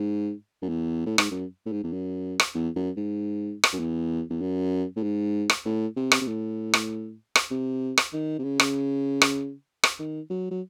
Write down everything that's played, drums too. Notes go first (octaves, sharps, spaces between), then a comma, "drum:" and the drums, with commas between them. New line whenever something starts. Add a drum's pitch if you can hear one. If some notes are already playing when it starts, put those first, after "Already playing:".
Already playing: G#2
F#2
E2
A2
G#2, drum: rim click
F#2
A2
G#2
E2
F#2
drum: rim click
E2
F#2
G#2
drum: rim click
F#2
E2
E2
F#2
A2
G#2
drum: rim click
A2
C3
drum: rim click
C3
A2
drum: rim click
drum: rim click
C3
drum: rim click
D#3
C3
C#3
drum: rim click
drum: rim click
drum: rim click
D#3
F#3
F#3